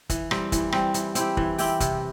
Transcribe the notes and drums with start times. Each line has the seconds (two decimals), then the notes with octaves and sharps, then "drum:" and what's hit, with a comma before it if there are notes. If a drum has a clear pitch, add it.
0.10 E3, drum: kick, hi-hat
0.31 G3 C4, drum: rim click
0.52 E3, drum: kick, hi-hat
0.72 G3 C4, drum: rim click
0.94 E3, drum: hi-hat
1.15 C4 E4 G4, drum: hi-hat
1.37 E3, drum: kick
1.58 C4 E4 G4, drum: open hi-hat
1.80 C3, drum: kick, hi-hat